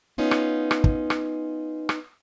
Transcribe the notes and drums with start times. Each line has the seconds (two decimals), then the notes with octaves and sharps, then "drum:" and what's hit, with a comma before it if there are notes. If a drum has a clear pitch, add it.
0.18 B3 C#4 D#4 F4
0.31 drum: rim click
0.71 drum: rim click
0.84 drum: kick
1.10 drum: rim click
1.89 drum: rim click